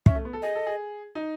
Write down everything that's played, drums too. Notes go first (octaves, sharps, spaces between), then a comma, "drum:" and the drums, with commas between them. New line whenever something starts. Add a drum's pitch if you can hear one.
C#4 E5, drum: kick
A3
B3
A4
G#4 D#5
A4
G#4
D#4